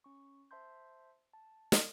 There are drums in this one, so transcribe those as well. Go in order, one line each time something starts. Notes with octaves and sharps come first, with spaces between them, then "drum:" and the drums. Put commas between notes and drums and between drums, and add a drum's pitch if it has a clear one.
C#4 C#6
C5 E5 A5 C6 G6
A5
drum: snare